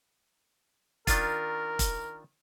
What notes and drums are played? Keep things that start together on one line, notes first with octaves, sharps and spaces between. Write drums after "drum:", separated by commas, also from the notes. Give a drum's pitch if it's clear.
D#3 D4 F4 A#4, drum: kick E1, hi-hat
drum: kick E1, hi-hat